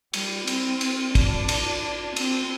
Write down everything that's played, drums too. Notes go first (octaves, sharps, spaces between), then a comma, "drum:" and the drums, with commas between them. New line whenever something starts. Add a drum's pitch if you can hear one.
G3, drum: cymbal
C4, drum: cymbal
drum: cymbal
D4, drum: kick, cymbal
drum: cymbal
C4, drum: cymbal